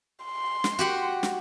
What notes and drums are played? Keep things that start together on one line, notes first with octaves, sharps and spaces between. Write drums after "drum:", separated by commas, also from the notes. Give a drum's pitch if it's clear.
C6
drum: snare
F#4 G4 F#5
drum: snare